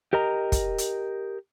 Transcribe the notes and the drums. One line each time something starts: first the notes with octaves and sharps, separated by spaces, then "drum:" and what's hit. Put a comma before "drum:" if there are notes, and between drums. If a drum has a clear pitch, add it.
G4 A#4 D#5 A#5
drum: kick, hi-hat
drum: hi-hat